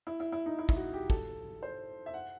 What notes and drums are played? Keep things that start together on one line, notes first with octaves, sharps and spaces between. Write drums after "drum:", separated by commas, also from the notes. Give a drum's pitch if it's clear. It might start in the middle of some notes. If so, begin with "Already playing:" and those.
E4
E4
E4
D#4
E4
E4, drum: kick
F#4
G4
A4, drum: kick
C5
E5
F#5